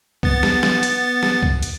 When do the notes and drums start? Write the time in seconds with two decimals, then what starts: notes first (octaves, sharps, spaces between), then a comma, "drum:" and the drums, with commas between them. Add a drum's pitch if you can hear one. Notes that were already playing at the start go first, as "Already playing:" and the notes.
0.23 B3 A6, drum: kick C2
0.43 drum: snare
0.63 drum: snare
0.83 drum: hi-hat
1.23 drum: snare
1.43 drum: kick C2
1.63 drum: hi-hat